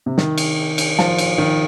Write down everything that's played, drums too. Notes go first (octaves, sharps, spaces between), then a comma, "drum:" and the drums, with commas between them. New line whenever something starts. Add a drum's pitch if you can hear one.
C3
D#3, drum: snare
drum: cymbal
drum: cymbal
F3, drum: snare
drum: cymbal
D#3